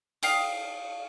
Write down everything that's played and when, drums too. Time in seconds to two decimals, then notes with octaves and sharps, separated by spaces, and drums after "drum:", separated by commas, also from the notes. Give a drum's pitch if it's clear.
0.23 F5 G5 D#6, drum: cymbal